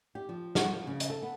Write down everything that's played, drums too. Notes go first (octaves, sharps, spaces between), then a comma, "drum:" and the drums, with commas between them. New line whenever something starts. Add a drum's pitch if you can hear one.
G4
F3
F#4, drum: snare
F3
C#3
drum: hi-hat
A4
B3